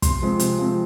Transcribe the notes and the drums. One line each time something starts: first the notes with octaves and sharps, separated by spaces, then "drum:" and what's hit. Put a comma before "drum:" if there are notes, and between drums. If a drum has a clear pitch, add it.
C3 C6, drum: kick, hi-hat
F3 G#3 C4
C3, drum: hi-hat
F3 G#3 C4